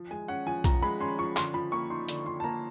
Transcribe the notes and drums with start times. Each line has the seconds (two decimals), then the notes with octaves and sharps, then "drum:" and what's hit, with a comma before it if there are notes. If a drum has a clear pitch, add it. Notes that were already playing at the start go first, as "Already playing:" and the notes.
Already playing: F3
0.11 G#3 G#5
0.28 C#4 F#5
0.46 F3 G#5
0.64 F3 A#5, drum: kick B1, hi-hat
0.82 G#3 B5
1.00 C#4 C6
1.18 F3 C#6
1.36 D3 C6, drum: clap
1.54 F3 B5
1.72 A#3 C#6
1.90 D#4 C6
2.09 D3, drum: hi-hat
2.26 F3 C6
2.40 A5
2.44 A#3 A#5